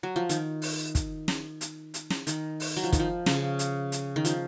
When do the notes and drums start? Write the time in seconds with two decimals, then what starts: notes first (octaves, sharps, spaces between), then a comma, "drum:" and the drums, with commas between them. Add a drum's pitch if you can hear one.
0.03 F#3
0.16 F3
0.29 D#3, drum: hi-hat
0.62 drum: open hi-hat
0.95 drum: kick, hi-hat
1.28 drum: snare
1.61 drum: hi-hat
1.94 drum: hi-hat
2.10 drum: snare
2.27 D#3, drum: hi-hat
2.60 drum: open hi-hat
2.76 F#3
2.84 F3
2.92 D#3, drum: kick, hi-hat
3.00 F3
3.26 C#3, drum: snare
3.59 drum: hi-hat
3.92 drum: hi-hat
4.16 D#3
4.25 F3, drum: hi-hat